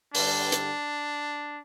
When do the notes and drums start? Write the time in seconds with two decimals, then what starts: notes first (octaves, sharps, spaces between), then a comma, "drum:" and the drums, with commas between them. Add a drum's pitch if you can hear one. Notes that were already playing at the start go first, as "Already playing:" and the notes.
0.15 G2 D3 G3 D4, drum: open hi-hat
0.52 drum: hi-hat